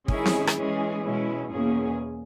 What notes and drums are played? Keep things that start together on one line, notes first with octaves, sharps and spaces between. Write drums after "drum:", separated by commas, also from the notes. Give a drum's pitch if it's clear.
D#3 G#3 C#4 E4 G#4, drum: kick
drum: snare
drum: rim click
E3 G#3 C#4 G#4
B2 G#3 C#4 E4
E2 B2 A#3 C#4 G#4